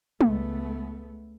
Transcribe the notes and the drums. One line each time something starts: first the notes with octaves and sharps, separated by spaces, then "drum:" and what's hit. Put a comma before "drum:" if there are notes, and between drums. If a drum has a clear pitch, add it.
C#2 A3 B3, drum: tom